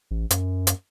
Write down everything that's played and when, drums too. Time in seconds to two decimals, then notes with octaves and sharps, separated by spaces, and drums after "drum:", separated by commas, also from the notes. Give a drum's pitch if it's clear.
0.11 A1
0.30 F#2, drum: hi-hat
0.67 drum: hi-hat